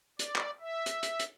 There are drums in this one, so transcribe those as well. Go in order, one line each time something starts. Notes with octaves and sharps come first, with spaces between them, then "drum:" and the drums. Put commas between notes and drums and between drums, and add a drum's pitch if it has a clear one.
D5, drum: hi-hat
drum: clap
E5
drum: hi-hat
drum: hi-hat
drum: hi-hat